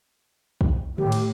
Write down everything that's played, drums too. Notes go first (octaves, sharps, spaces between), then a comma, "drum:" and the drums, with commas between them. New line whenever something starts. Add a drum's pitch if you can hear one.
drum: kick
A2 G4, drum: tom D3
drum: cymbal